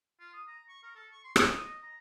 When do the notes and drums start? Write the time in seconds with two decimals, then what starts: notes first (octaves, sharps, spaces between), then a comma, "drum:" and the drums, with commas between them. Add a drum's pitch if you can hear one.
0.19 F4
0.33 D#6
0.47 A#5
0.69 C#6
0.83 A#4
0.95 A4
1.12 C#6
1.24 C6
1.36 A5, drum: rim click
1.48 D#6
1.65 D#5
1.83 A#5